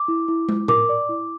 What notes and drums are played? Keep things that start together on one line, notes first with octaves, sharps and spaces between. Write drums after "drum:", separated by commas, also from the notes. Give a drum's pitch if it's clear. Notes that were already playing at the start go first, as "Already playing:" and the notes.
Already playing: D6
E4
E4
E4, drum: tom
A#4 D6, drum: tom A2
D5
E4